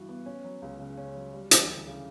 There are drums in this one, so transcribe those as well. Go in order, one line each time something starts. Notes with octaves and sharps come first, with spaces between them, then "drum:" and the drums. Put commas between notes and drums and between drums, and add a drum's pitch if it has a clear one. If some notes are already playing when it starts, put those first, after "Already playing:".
Already playing: G2 E3 F#4
B3
C#4
F#3
C#2
C#3
C#4
F#3
G3
E3, drum: hi-hat
D2
C#3